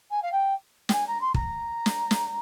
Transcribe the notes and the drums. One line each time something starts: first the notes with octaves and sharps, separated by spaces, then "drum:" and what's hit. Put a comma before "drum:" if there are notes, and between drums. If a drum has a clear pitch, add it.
G#5
F5
G5
G5, drum: snare
G#5
A#5
C6
A#5, drum: kick
drum: snare
drum: snare